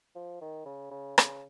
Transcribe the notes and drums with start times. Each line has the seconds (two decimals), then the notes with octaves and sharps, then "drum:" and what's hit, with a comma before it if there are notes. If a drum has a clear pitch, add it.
0.15 F3
0.41 D#3
0.66 C#3
0.91 C#3
1.18 C#3, drum: rim click